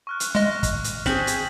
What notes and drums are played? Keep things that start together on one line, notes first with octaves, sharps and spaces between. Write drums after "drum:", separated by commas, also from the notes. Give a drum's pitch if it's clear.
C#6 F6 F#6
drum: hi-hat
G#3 D#5
drum: kick, hi-hat
drum: hi-hat
C4 G#4 B6 F#7, drum: snare
drum: hi-hat